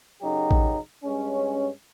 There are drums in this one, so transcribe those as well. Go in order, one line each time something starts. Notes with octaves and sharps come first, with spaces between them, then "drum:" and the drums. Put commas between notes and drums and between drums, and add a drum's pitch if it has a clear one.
F#2 C#3 F#3 D#4 G4
drum: kick A1
G2 G#3 C#4